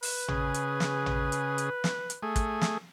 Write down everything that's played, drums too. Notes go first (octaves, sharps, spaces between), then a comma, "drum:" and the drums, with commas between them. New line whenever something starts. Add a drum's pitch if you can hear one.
B4, drum: open hi-hat
C#3 G#4, drum: tom A1
drum: hi-hat
drum: snare
drum: tom A1
drum: hi-hat
drum: hi-hat
drum: snare
drum: hi-hat
A3 G#4
drum: kick, hi-hat
drum: snare